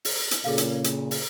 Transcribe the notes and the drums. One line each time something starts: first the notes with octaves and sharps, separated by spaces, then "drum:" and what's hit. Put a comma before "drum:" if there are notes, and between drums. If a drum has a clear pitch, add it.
drum: open hi-hat
drum: hi-hat
A#2 C#3 G#4 A4 F5
drum: hi-hat
drum: hi-hat
drum: open hi-hat